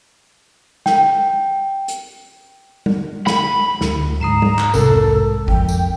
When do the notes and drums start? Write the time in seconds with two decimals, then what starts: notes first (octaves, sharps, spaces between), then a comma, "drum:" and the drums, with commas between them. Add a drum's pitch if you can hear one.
0.86 G5, drum: snare
1.88 drum: hi-hat
2.86 drum: tom G3
3.27 B5, drum: snare
3.81 D2 D3 F#3, drum: snare
4.21 G#2 A#5 D#6 C7 E7
4.42 drum: tom G3
4.59 drum: clap
4.74 B1 C3 A4 A#4, drum: tambourine
4.90 drum: tom E2
5.48 F2 G5, drum: kick A1
5.69 drum: tambourine